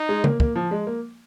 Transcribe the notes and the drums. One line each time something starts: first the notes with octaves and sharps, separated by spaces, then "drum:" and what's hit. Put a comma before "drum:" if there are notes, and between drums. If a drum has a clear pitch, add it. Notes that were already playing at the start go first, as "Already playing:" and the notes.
Already playing: D#4
G#3
A#3, drum: tom C#3
A#3, drum: kick
F3
G#3
A#3